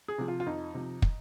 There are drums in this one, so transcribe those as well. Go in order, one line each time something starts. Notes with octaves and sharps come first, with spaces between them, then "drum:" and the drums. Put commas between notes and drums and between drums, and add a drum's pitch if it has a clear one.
G#4
C3 F3
F4
F4
F2 D#4
C3 F3
drum: kick